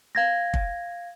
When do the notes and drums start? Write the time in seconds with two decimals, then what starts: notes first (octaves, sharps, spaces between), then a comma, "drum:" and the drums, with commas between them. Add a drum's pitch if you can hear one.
0.15 F5 G#6 A#6
0.54 drum: kick